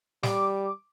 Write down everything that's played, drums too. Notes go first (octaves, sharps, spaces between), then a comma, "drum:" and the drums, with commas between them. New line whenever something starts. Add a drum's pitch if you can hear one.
G3 D6, drum: snare